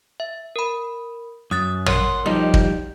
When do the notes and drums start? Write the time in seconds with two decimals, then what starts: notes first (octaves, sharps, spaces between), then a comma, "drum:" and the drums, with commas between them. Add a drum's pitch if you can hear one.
0.20 E5
0.56 A#4 B5
1.51 F#2 D#6 F#6 A6
1.86 A#4 C#5 F#5 C6, drum: tom
2.26 F3 G3 D#4 G4
2.54 drum: kick